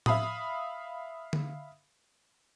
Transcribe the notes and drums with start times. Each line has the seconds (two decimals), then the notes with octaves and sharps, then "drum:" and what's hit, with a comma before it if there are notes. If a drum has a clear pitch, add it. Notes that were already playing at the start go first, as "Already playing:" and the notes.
0.06 E5 F5 B5 D#6, drum: tom A2
1.33 drum: tom D3